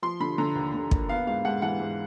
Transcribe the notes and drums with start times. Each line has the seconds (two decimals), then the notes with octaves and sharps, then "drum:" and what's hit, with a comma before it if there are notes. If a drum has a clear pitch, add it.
0.02 F3 C6
0.20 D3 B5
0.38 D3 A#5
0.56 D#2
0.74 D3
0.91 A#3, drum: kick
1.09 B3 F5
1.27 G#2 F5
1.45 G#2 F#5
1.62 E3 F#5
1.80 G#2